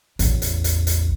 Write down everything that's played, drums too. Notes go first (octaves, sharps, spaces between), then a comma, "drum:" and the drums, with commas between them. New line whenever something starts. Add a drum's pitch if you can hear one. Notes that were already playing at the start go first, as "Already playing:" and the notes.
A1 E2, drum: hi-hat
drum: hi-hat
drum: hi-hat
drum: hi-hat